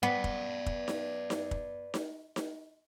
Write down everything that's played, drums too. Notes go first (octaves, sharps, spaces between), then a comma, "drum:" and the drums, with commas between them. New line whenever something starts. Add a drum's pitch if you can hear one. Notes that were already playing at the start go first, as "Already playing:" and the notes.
B3 B4 D5
drum: kick
drum: kick
drum: snare D#4
drum: snare D#4
drum: kick
drum: snare D#4
drum: snare D#4